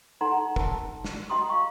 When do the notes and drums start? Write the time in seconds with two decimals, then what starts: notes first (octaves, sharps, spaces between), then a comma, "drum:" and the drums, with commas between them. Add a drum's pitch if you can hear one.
0.21 D#4 A4 F#5 G#5 A#5 C6
0.56 A#4 A5, drum: kick
1.05 drum: snare
1.30 F#4 D#5 G5 A#5 C6 D#6
1.50 F#4 F5 C#6